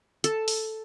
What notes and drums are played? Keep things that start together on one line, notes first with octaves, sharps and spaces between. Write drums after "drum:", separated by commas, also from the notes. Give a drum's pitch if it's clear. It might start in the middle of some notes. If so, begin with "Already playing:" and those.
A4, drum: hi-hat
drum: open hi-hat